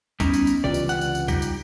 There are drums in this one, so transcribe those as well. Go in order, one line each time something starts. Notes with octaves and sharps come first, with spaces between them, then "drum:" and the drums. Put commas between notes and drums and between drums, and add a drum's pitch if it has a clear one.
G3 B3 C#4 D#4 E4, drum: kick C#2, tambourine
drum: tambourine
drum: tambourine
C#2 C3 E3 F4 D5 G5
drum: tambourine
F#5, drum: tambourine
drum: tambourine
drum: tambourine
G3 D#4 G4, drum: kick C#2, tambourine
drum: tambourine